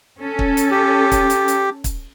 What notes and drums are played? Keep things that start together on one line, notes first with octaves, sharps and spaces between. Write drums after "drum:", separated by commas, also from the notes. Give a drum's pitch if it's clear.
C#4 A4
drum: kick
drum: hi-hat
G4
drum: kick, hi-hat
drum: hi-hat
drum: hi-hat
drum: kick, hi-hat